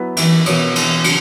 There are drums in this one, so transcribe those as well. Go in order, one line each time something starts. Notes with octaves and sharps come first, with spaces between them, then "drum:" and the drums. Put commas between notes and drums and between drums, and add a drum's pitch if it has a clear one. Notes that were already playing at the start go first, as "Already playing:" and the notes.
Already playing: F#3 B3 E4 B4
E3, drum: cymbal
B2 E3 B3 F#4 C#5, drum: cymbal
E3, drum: cymbal
C#3 F#3, drum: cymbal